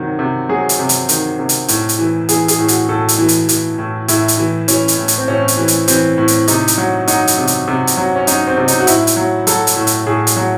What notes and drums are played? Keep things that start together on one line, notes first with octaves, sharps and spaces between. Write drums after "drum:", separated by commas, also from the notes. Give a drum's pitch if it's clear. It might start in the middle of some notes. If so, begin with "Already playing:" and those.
Already playing: C3 D#3 F#3
C3
F#3 G#4
drum: hi-hat
C3
drum: hi-hat
D#3, drum: hi-hat
C3
drum: hi-hat
A2, drum: hi-hat
drum: hi-hat
E3
E3 G#4, drum: hi-hat
G#4, drum: hi-hat
A2
F#4, drum: hi-hat
A2 A4
drum: hi-hat
E3
drum: hi-hat
E3, drum: hi-hat
A2
A2 E4, drum: hi-hat
drum: hi-hat
E3
E3 C#4, drum: hi-hat
drum: hi-hat
A2
drum: hi-hat
C4
A2 C#4
drum: hi-hat
E3
drum: hi-hat
E3 C4, drum: hi-hat
A2
drum: hi-hat
C3 D#4, drum: hi-hat
drum: hi-hat
F#3
F#3 D#4, drum: hi-hat
drum: hi-hat
C3
drum: hi-hat
C3
drum: hi-hat
F#3
C#4
F#3 D#4, drum: hi-hat
C4
C3
D#4, drum: hi-hat
F#4
A2 E4, drum: hi-hat
drum: hi-hat
F#3
F#3 A4, drum: hi-hat
drum: hi-hat
A2
drum: hi-hat
A2 G#4
drum: hi-hat
F#3